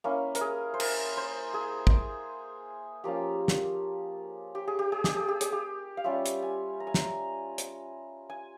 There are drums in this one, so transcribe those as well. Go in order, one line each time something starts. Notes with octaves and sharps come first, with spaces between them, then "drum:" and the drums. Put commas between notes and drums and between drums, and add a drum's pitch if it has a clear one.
A#3 C#4 E4
A#4, drum: hi-hat
G#4
C5
A#4, drum: cymbal
C5
G#4
drum: kick
F3 A#3 C#4 F4 G4
drum: snare
G4
G#4
G4
G#4
G4, drum: snare
G#4
G4
G#4, drum: hi-hat
G4
F5
G3 C#4 F4 E5
drum: hi-hat
G#5
A#5
G#5
A#5, drum: snare
drum: hi-hat
G#5